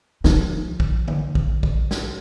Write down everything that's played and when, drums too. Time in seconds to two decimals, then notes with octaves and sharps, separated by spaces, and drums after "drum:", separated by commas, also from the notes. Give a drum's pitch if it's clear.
0.24 F3 D#4, drum: snare
0.80 drum: kick
1.08 drum: tom D3
1.35 drum: kick
1.63 drum: kick
1.91 drum: snare